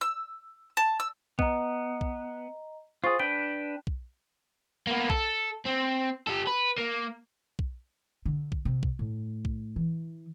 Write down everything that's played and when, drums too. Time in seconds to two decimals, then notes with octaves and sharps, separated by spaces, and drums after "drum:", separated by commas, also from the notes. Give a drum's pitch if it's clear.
0.01 E6
0.77 A5
1.00 E6
1.39 B3 D#5 A#5, drum: kick
2.01 drum: kick
3.04 F4 G#4 C5 C#6 A6
3.19 D4 B4 G5 D7
3.87 drum: kick
4.87 A#3 B3
5.10 A4, drum: kick
5.66 C4
6.27 G4 A4
6.47 B4
6.78 A#3
7.59 drum: kick
8.26 D3
8.52 drum: kick
8.65 C3
8.83 drum: kick
8.99 A2
9.45 drum: kick
9.76 E3